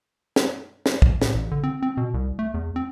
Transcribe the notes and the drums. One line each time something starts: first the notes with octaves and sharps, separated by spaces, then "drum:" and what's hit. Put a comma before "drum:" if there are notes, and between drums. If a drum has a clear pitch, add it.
drum: snare
drum: snare
drum: kick
A2, drum: snare
A1
D3
C4
C4
B2
C2
A3
E2
C4